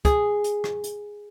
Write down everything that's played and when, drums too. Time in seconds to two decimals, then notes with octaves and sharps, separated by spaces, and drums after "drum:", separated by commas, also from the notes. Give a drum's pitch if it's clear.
0.05 G#4, drum: kick, hi-hat
0.44 drum: hi-hat
0.64 drum: rim click
0.84 drum: hi-hat